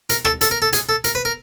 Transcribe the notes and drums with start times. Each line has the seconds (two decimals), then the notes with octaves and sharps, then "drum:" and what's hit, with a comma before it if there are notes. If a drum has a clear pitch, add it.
0.10 A#4, drum: hi-hat
0.25 A4, drum: rim click
0.41 A4, drum: hi-hat
0.51 A#4
0.62 A4
0.73 G#4, drum: hi-hat
0.89 A4
1.04 A#4, drum: hi-hat
1.15 B4
1.25 A#4